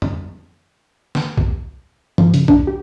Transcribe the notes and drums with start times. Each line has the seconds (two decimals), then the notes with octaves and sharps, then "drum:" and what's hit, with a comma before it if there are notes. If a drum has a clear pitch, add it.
0.02 drum: tom
1.15 drum: snare
1.37 drum: kick
2.18 F3, drum: tom G2
2.34 C#3, drum: hi-hat
2.48 D4, drum: kick
2.67 G4